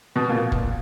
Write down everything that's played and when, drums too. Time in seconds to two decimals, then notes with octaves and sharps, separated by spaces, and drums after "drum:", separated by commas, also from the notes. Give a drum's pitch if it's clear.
0.16 B2
0.29 A#2
0.52 drum: kick